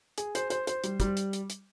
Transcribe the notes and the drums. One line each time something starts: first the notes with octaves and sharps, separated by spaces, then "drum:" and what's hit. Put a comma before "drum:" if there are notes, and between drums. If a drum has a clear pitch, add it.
G#4, drum: hi-hat
C5, drum: hi-hat
C5, drum: hi-hat
C5, drum: hi-hat
G3, drum: hi-hat
G3, drum: kick, hi-hat
drum: hi-hat
drum: hi-hat
drum: hi-hat